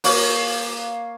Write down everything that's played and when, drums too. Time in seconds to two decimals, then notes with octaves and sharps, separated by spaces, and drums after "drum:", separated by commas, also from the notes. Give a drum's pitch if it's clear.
0.04 A#3 C#5 F5, drum: open hi-hat